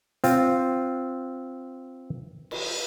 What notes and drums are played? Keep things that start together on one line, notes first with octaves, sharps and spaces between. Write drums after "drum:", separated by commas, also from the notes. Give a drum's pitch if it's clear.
C4 F4, drum: hi-hat
drum: cymbal